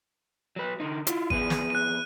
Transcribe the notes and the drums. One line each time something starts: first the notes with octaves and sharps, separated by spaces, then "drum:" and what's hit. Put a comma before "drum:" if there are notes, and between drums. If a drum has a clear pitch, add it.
F#3 B4
D3 D#4
E4 F4, drum: hi-hat
F2 B3 G#4 D#7, drum: kick G#1
drum: snare
F#6 D#7